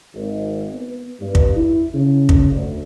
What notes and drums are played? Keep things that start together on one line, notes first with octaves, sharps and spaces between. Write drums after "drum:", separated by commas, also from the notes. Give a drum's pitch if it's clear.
G#1
B3
G2
drum: kick
E4
C#3
drum: kick
D2